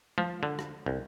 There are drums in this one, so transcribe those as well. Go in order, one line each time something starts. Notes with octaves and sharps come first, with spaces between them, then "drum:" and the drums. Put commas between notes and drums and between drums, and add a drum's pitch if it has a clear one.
F3, drum: tom G#3
D3
drum: rim click
C2